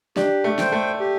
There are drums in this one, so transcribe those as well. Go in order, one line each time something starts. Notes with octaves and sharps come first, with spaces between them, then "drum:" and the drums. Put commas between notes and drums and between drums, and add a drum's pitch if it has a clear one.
D4 G4, drum: snare
A3
C5 G5, drum: snare
A3
G4